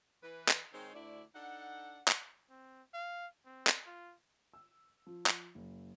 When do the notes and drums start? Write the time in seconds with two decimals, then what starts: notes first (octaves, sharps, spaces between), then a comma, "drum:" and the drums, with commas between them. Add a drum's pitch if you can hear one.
0.23 E3 B4
0.49 drum: clap
0.72 D#3 G#3 C4 D#4 C5 C#5
0.94 D2 E4 D5
1.35 D4 D#4 A4 F#5
2.08 drum: clap
2.50 C4
2.94 F5
3.46 C4
3.67 drum: clap
3.86 F4
4.54 E6
5.07 F3
5.26 drum: clap
5.55 F#1